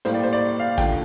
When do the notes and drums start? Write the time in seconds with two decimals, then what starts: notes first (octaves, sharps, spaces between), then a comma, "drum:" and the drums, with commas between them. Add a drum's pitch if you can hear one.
0.05 A2 G3 A#3 C5, drum: hi-hat
0.14 D5
0.23 C5
0.33 D5
0.60 F5
0.78 D#2 D3 F3 A3 G5, drum: kick, hi-hat